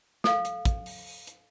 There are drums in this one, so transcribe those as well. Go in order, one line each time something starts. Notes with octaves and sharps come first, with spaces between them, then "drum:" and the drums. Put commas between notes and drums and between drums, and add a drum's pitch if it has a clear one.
A4 F5, drum: snare
drum: hi-hat
drum: kick, hi-hat
drum: open hi-hat
drum: open hi-hat
drum: hi-hat